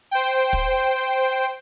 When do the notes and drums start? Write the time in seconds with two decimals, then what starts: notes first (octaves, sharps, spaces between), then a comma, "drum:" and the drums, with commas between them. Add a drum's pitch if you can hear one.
0.11 C5 G5
0.53 drum: kick